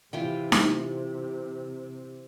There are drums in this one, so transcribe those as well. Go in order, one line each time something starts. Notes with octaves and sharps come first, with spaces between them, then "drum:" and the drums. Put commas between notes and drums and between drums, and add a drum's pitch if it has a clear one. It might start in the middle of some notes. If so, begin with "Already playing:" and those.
C3 E3 F4 G5
drum: snare D#4